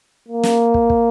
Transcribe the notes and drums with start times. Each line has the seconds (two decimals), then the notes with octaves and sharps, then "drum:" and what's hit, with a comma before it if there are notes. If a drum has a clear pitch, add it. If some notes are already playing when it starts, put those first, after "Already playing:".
0.28 A#3
0.43 drum: snare
0.74 drum: kick
0.90 drum: kick